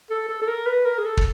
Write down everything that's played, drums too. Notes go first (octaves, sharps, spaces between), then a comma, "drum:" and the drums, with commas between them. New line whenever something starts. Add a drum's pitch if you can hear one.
A4
A4
A4
A#4
B4
A#4
G#4
A4
drum: kick